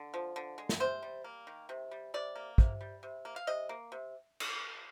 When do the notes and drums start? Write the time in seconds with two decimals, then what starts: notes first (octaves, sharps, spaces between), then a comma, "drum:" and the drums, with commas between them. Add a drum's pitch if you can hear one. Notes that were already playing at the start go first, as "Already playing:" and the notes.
Already playing: D3
0.14 F3
0.36 D3
0.58 G#3
0.69 drum: snare
0.80 C3 C5
1.03 G3
1.24 A#3
1.47 D#3
1.69 C3
1.91 G3
2.14 C3 D5
2.36 A#3
2.58 C3, drum: kick
2.81 G3
3.03 C3
3.25 A#3
3.36 F5
3.47 C3 D#5
3.69 A#3
3.92 C3
4.40 drum: cymbal